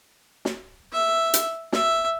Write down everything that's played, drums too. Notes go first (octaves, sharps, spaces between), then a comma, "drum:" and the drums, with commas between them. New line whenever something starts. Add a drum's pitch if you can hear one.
drum: snare
E5
drum: hi-hat
E5, drum: snare